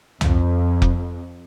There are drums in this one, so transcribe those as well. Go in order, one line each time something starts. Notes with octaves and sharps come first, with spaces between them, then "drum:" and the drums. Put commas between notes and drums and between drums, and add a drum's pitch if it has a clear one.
F2, drum: tom C2
drum: kick F1